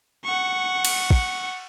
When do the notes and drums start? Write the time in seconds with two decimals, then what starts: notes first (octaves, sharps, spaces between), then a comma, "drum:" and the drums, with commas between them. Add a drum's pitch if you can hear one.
0.25 F#5 C#6
0.85 drum: cymbal
1.11 drum: kick